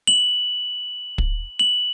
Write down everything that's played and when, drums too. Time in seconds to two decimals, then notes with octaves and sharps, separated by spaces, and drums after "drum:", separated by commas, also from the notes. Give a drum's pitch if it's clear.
0.07 F#7
1.18 drum: kick
1.59 F#7